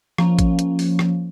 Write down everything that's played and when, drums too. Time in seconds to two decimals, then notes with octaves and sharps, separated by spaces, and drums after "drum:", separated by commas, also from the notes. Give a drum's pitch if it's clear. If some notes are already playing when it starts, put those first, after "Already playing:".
0.18 F3 A#3 C#4, drum: rim click
0.39 drum: kick, hi-hat
0.59 drum: hi-hat
0.79 drum: open hi-hat
0.99 drum: rim click